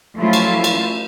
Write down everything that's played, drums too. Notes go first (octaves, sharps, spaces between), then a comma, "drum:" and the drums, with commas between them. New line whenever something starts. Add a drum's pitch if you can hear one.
F3 F#3 A3 C#4 E4 F4
drum: cymbal
drum: cymbal